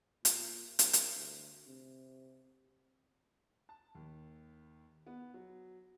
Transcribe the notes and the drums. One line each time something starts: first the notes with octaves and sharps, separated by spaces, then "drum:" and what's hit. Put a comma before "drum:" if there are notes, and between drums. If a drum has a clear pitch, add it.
A#2, drum: hi-hat
C2, drum: hi-hat
drum: hi-hat
D2
C3
A5
D#2
B3
F#3